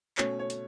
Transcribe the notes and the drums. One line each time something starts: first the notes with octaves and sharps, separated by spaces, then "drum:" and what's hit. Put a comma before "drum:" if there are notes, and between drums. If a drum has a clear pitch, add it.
B2 A3 C#4 C#5, drum: clap
C#5
drum: hi-hat